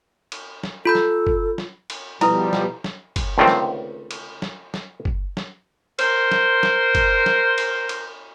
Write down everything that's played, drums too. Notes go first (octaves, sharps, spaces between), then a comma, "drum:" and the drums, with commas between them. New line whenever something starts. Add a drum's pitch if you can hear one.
drum: cymbal
drum: snare
F4 A4 B5 G6
drum: snare
drum: kick
drum: snare
drum: cymbal
B2 F3 G3 E4 A4 B4 A#5, drum: cymbal
drum: snare
drum: snare
drum: kick, cymbal
C#2 D3 D#3 A3 C4
drum: snare
drum: cymbal
drum: snare
drum: snare
drum: kick
drum: snare
A#4 C5, drum: cymbal
drum: snare
drum: snare
drum: kick, cymbal
drum: snare
drum: cymbal
drum: cymbal